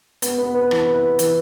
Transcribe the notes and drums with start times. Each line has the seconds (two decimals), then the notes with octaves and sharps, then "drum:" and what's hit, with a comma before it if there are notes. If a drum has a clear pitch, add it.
0.22 B3, drum: hi-hat
0.38 B3
0.54 B4
0.71 E3, drum: rim click
0.87 B4
1.02 B4
1.19 E3, drum: hi-hat